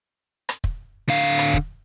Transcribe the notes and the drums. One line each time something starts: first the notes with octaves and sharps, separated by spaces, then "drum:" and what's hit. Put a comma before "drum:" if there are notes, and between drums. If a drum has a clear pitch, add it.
drum: rim click
drum: kick
D3 F5
drum: rim click
drum: kick